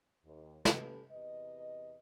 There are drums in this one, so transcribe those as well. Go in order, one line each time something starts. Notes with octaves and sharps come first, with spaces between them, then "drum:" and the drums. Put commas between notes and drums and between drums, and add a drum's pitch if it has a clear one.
D#2
C#4 G4 A4 B4, drum: snare
E2 C3 B4 D#5